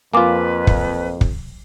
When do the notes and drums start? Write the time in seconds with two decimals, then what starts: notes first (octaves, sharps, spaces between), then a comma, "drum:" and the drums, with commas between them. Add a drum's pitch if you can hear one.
0.14 F2 A#3 F4 B4 G#5 D6
0.67 drum: kick
1.21 drum: kick